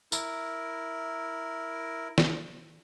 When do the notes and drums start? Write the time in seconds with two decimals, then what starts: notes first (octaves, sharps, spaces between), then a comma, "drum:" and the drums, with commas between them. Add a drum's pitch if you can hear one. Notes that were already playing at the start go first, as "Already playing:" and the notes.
0.12 E4 A#4, drum: tambourine
2.18 drum: snare